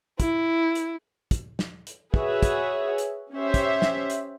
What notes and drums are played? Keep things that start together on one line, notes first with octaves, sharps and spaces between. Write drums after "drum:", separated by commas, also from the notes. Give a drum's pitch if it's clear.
E4, drum: kick, hi-hat
drum: hi-hat
drum: kick, hi-hat
drum: snare
drum: hi-hat
F#4 G#4 B4 C#5 E5, drum: kick
drum: kick, hi-hat
drum: hi-hat
C#4 G4 C5 E5
drum: kick, hi-hat
drum: snare
drum: hi-hat